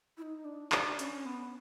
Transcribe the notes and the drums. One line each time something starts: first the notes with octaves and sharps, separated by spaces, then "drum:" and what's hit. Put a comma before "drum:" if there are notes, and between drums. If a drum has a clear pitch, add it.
E4
D#4
D4
D4, drum: clap
C#4, drum: hi-hat
B3